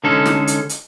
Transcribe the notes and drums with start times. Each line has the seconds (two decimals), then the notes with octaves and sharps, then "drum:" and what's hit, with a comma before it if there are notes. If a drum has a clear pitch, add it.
0.04 D3 G#3 C#4 D#4 A4
0.26 drum: snare
0.47 drum: hi-hat
0.69 drum: hi-hat